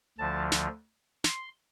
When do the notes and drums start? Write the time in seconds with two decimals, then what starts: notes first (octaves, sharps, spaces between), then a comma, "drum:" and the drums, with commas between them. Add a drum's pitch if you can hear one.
0.18 D2 D3 F3 A5
0.52 drum: snare
1.24 C6, drum: snare